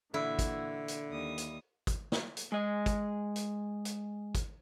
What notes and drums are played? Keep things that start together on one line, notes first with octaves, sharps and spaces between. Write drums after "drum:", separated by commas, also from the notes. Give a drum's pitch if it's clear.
A#2 D3 E3 E4 F#4
drum: kick, hi-hat
drum: hi-hat
D#2 G3 D#6
drum: hi-hat
drum: kick, hi-hat
drum: snare
drum: hi-hat
G#3 D#5
drum: kick, hi-hat
drum: hi-hat
drum: hi-hat
drum: kick, hi-hat